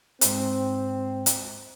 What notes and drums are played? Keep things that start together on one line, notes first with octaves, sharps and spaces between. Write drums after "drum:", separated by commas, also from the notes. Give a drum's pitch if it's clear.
G#2 C4 C5, drum: hi-hat
drum: hi-hat